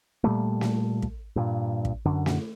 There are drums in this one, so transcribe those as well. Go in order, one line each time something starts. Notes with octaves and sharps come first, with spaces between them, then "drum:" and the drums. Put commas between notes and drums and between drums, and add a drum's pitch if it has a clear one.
A#2 G3 A3
drum: snare
drum: kick
G2 A#2
drum: kick
F#2 D3
drum: snare